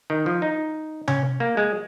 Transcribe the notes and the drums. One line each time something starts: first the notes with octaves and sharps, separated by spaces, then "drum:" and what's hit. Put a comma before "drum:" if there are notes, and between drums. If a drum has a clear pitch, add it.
D#3
F3
D#4
C#4, drum: tom C3
A#3
G#3